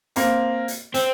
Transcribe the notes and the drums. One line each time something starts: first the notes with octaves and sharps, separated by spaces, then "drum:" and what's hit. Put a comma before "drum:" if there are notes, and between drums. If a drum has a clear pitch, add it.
A#3 C4, drum: hi-hat
drum: hi-hat
C4, drum: hi-hat